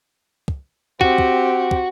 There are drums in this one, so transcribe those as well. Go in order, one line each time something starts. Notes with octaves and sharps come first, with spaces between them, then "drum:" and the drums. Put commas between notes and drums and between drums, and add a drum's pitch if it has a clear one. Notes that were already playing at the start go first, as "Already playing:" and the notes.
drum: kick
C4 F#4 G4, drum: kick
drum: kick
drum: kick